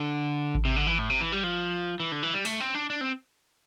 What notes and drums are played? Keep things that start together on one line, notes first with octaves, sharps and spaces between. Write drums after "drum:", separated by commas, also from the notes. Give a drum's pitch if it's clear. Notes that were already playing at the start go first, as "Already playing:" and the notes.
Already playing: D3
drum: kick G#1
C3
D3
E3
A2
C3
E3
G3
F3
E3
D3
E3
G3
A3, drum: open hi-hat
C4
D4
D4
C4